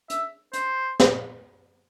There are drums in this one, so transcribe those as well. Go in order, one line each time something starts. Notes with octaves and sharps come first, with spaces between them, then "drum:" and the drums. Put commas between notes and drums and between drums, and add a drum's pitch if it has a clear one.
E5, drum: hi-hat
C5, drum: hi-hat
drum: snare